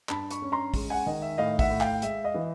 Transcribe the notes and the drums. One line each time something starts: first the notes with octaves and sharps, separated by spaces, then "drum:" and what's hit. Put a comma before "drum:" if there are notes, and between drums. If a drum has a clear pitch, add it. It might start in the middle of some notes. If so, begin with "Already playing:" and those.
G2 A5 B5, drum: clap
B5 C#6, drum: hi-hat
C#4
A#5 C6
G#3, drum: kick, open hi-hat
F#5 G#5
D#3 D#5
E5
A2 D#5 F5
E5 F#5, drum: kick, open hi-hat
A2
F5 G5, drum: clap
G#3 E5, drum: hi-hat
D#5 F5
E3